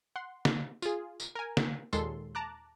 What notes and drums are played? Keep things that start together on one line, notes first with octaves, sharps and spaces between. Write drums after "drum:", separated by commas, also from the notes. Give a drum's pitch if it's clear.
F#5 C6
drum: snare
F4 G#4, drum: tambourine
drum: tambourine
A#4 G#5
drum: snare
D#2 A#2 G#3 A4 C6, drum: tambourine
A5 A#5 D6 F#6